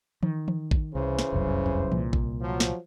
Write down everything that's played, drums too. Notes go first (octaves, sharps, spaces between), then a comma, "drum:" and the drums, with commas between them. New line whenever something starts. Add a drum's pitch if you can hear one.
D#3, drum: tom E3
drum: tom E3
drum: kick A1
C2 C#3 E3 C5
drum: snare
F1 C2 F#2
drum: tom E2
C2 A#2, drum: tom E3
drum: kick A1
F3 F#3
drum: snare